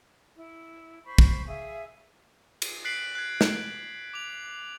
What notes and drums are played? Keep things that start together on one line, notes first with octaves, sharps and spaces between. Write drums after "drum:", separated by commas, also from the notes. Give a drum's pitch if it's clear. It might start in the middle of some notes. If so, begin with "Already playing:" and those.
E4
C5 B5 C#6
drum: kick
G#4 E5 F5
drum: cymbal
F#6 A6 B6 C7 D7 F#7
F#6 G#6
drum: snare
D6 F7